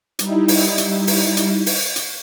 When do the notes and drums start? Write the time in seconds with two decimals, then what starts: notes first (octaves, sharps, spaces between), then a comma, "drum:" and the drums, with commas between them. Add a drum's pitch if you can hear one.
0.19 G3 D#4 E4, drum: hi-hat
0.48 drum: open hi-hat
0.78 drum: hi-hat
1.07 drum: open hi-hat
1.37 drum: hi-hat
1.66 drum: open hi-hat
1.96 drum: hi-hat